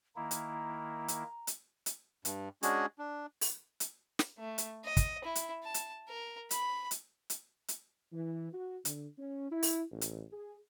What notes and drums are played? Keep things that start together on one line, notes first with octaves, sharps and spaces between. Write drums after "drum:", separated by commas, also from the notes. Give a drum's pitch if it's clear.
D#3 A#3 E4 A#5
drum: hi-hat
drum: hi-hat
drum: hi-hat
drum: hi-hat
G2, drum: hi-hat
G#3 C#4 D4 F#4 G#4, drum: hi-hat
D4
drum: open hi-hat
drum: hi-hat
drum: snare
A3
drum: hi-hat
D#5
drum: kick, hi-hat
E4
drum: hi-hat
A5
drum: hi-hat
A#4
B5, drum: hi-hat
drum: hi-hat
drum: hi-hat
drum: hi-hat
E3
F#4
D3, drum: hi-hat
C#4
E4
drum: open hi-hat
A1
drum: hi-hat
G#4